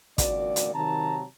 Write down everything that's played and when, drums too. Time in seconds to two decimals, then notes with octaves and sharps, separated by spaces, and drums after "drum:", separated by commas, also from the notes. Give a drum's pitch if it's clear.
0.18 G#1 C#2 A#2 F#4 D5, drum: kick, hi-hat
0.56 drum: hi-hat
0.74 C3 D#3 F#3 A5 A#5